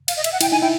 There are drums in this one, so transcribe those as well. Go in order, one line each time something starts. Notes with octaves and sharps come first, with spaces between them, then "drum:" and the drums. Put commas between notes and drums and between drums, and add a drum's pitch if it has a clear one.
F5, drum: cymbal
D#5
E5, drum: cymbal
F#5
E4 G5, drum: cymbal
D#4 G#5
E4 G5